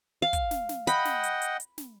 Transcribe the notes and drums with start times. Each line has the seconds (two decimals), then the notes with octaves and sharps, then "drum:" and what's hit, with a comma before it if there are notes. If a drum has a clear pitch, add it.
0.22 F5
0.33 drum: kick, hi-hat
0.51 drum: snare
0.69 drum: snare
0.87 D#5 F#5 G5 B5, drum: hi-hat
1.05 drum: snare
1.23 drum: hi-hat
1.42 drum: hi-hat
1.60 drum: hi-hat
1.78 drum: snare